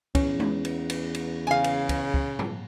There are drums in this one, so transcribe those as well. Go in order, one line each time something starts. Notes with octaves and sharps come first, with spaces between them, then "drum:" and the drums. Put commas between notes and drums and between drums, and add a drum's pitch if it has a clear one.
E2 C#4, drum: kick, cymbal
drum: tom G#3
drum: cymbal
drum: cymbal
drum: cymbal
C#3 F5 G#5
drum: cymbal
drum: kick, cymbal
drum: kick
drum: tom